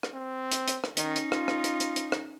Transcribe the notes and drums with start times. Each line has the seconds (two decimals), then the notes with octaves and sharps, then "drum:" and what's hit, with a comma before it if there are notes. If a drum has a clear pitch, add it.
0.03 drum: rim click
0.14 C4
0.52 drum: hi-hat
0.68 drum: hi-hat
0.84 drum: rim click
0.97 D#3 C#4 D#4, drum: hi-hat
1.16 drum: hi-hat
1.32 F4, drum: rim click
1.48 drum: rim click
1.64 drum: hi-hat
1.80 drum: hi-hat
1.96 drum: hi-hat
2.12 drum: rim click